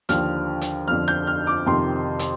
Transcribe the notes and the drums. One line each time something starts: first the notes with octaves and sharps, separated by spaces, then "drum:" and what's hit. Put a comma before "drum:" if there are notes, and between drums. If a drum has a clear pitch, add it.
D#2 D3 F3 F6, drum: hi-hat
drum: hi-hat
F2 D3 F3 F6
G6
F6
D6
F2 C3 D#3 C6
drum: hi-hat